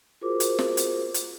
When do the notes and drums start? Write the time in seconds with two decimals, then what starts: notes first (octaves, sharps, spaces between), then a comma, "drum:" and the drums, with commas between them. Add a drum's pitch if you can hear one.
0.21 F4 F#4 G#4 A#4 C5 D6
0.40 drum: hi-hat
0.59 drum: snare
0.77 drum: hi-hat
1.14 drum: hi-hat